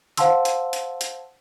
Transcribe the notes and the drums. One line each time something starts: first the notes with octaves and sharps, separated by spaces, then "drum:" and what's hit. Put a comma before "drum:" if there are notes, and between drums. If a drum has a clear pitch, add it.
C5 F5 F#5 A5 C6 E6, drum: hi-hat
drum: hi-hat
drum: hi-hat
drum: hi-hat